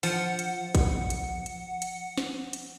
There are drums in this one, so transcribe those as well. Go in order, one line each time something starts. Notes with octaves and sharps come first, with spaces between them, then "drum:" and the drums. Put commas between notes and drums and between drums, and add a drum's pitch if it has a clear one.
F3 F#5, drum: open hi-hat
drum: hi-hat
drum: kick, hi-hat
drum: hi-hat
drum: hi-hat
drum: hi-hat
drum: snare
drum: hi-hat